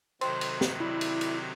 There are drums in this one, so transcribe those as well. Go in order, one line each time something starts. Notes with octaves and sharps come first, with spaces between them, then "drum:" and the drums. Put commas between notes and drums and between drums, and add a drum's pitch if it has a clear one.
C3 D#3 F#3 C5, drum: cymbal
drum: cymbal
drum: snare
E4 D5
drum: cymbal
drum: cymbal